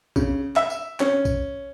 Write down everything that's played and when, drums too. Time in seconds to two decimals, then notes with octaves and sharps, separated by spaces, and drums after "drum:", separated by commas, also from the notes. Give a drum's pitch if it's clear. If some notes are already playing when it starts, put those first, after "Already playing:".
0.16 C#3, drum: kick A#1, tambourine
0.56 E5, drum: clap
0.70 drum: tambourine
1.00 C#4, drum: clap
1.25 drum: kick A#1, tambourine